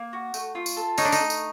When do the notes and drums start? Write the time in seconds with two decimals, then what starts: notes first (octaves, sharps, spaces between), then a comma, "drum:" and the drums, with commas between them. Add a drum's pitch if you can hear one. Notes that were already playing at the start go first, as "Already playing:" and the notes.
Already playing: A#3
0.13 F#4
0.34 A3, drum: tambourine
0.55 F4
0.66 drum: tambourine
0.76 A4
0.98 C#4 D#4, drum: tambourine
1.05 D4
1.12 D#4, drum: tambourine
1.19 A3
1.30 drum: tambourine